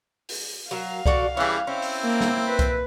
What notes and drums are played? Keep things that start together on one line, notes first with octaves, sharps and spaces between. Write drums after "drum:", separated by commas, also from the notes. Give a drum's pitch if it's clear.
drum: open hi-hat
F#3 A#4 F5
F#4 A4 D5, drum: kick C2
E3 G3 C#4 E4 G#4
C4 C#4 E4
drum: open hi-hat
A#3
drum: snare
B4
drum: kick C2, hi-hat